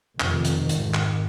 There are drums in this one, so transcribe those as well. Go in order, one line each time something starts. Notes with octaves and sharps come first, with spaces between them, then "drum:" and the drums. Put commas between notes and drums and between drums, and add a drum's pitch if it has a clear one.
F1 F2 C3 D#3, drum: clap
drum: hi-hat
G#1 G#2, drum: hi-hat
drum: clap